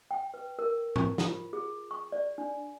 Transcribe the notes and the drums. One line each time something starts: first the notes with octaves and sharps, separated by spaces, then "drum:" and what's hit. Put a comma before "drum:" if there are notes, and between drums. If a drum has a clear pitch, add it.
G5
B4
A#4
C#6, drum: tom G#2
drum: snare
F4
G#4
C#6
D5
D4